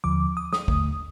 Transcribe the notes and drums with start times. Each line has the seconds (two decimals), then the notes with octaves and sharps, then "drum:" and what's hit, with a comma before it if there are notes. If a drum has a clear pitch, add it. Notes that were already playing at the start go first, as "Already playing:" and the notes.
0.04 D#2 D3 F3 D6
0.37 D#6
0.53 D#6, drum: snare
0.68 D#2 D3 A3, drum: kick